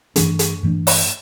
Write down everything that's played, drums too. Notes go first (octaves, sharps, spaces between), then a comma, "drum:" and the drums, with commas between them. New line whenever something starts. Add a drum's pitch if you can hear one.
G2 E3 A3 D4, drum: hi-hat
drum: hi-hat
G2 E3 A3 D4
drum: open hi-hat